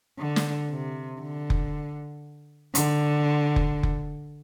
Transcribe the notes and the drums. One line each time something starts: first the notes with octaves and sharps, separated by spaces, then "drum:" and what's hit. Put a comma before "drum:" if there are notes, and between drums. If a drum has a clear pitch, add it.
D3
drum: snare
C3
D3
drum: kick F1
D3, drum: hi-hat
drum: kick F1
drum: kick F1